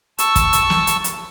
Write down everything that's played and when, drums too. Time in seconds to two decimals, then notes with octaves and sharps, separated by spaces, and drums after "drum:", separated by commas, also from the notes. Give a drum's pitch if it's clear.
0.18 A5 C#6 E6, drum: hi-hat
0.36 drum: kick, hi-hat
0.53 drum: hi-hat
0.70 drum: snare
0.87 drum: hi-hat
1.04 drum: hi-hat